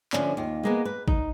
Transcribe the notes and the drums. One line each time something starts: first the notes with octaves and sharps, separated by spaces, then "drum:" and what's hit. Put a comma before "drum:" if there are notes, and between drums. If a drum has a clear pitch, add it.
D3 F3 A3 C#4 D4, drum: clap
D#2 F4
G#3 A#3 B3
B4
D#4, drum: kick